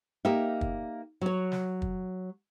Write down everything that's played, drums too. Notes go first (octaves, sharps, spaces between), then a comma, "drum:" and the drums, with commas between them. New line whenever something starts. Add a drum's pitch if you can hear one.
A#3 D#4 G4 E5
drum: kick
F#3 C#5
drum: snare
drum: kick